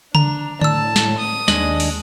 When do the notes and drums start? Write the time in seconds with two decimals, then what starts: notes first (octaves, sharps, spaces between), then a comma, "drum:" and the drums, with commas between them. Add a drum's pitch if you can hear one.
0.15 D4 A#5, drum: tom C#3
0.61 A2 D5 A5 E6, drum: tom D3
0.96 drum: snare
1.18 D#6
1.48 D#2 G#3 D4 D#5 F#7, drum: snare
1.80 drum: open hi-hat